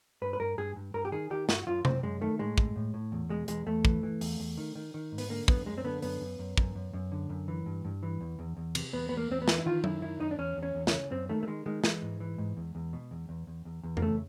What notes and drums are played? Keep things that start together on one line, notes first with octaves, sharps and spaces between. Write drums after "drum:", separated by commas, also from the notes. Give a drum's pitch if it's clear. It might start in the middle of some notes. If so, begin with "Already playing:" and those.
G2 B4
B4
G2 A#4
G2 G#4
G2
G2 A#4
G4
D#3 G#4
D#3 G4
G2 F#4, drum: snare
F#2 F4
F#2 C4, drum: tom C3
F#2 G#3
D#3 A3
A2 G#3
A2, drum: kick
A2
A2
E2
B2 G#3
E2 G#3, drum: hi-hat
E2 A3
E3, drum: kick
E3
E2, drum: open hi-hat
E2
D#3
D#3
D#3
G#2
B3, drum: open hi-hat
D3 A#3
F#2 B3, drum: kick
F#2 G#3
C4
D3 B3
F#2 B3, drum: open hi-hat
F#2
F#2
F#2, drum: kick
F#2
F#2
D3
F#2
E3
G2
G2
E3
E2
E2
E2
C3, drum: cymbal
E2 B3
E2 B3
A#3
E2 C4
B3
E3, drum: snare
E4
D#3 F4
F#2 E4, drum: tom F#3
D#3 E4
F#2 D#4
D4
E2 C#4
E2
C#4
E2
C#4, drum: snare
C#3
F#2 C4
D#3 A3
A3
D#3 G#3
D#3 G#3
E3 G#3, drum: snare
G#2
E3
G#2
E2
E2
B2
E2
E2
E2
E2
E2
A#3, drum: tom F2
C#3 A3